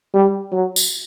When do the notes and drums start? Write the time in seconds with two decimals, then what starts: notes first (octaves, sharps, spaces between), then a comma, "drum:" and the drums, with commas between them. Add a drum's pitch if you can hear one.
0.14 G3
0.52 F#3
0.76 drum: tambourine